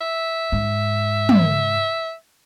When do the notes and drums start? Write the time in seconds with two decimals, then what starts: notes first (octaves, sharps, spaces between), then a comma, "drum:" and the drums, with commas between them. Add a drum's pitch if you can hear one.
0.01 E5
0.52 G#2
1.29 drum: tom